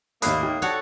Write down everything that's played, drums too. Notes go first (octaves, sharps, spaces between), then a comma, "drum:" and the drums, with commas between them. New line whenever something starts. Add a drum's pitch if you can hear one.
D#2 A2 A#3 D#5 B5 D#6 F#6 C7, drum: hi-hat
D#4 G5
C3 F#4 A4 C#5 D5 F#5